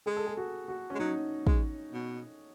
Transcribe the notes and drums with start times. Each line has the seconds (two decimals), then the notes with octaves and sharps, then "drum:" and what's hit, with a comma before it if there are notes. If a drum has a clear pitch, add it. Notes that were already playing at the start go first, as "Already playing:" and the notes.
0.06 G#3 G#4
0.16 A4
0.26 G#4
0.37 F#4
0.68 F#4
0.90 G#3 C#4
0.99 F#3 D#4
1.47 G#3, drum: kick
1.93 B2